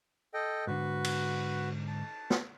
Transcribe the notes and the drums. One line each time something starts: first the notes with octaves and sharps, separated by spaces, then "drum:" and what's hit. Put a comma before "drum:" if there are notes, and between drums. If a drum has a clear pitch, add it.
A4 D#5 G5
G#2 D3 F#4 B4
drum: cymbal
A5
drum: snare